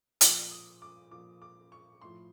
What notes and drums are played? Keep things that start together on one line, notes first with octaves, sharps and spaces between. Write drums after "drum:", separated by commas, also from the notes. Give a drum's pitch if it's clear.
A#2 F3 D6, drum: hi-hat
D#6
D6
A#2 F3 D6
D6
C#6
A2 F3 C6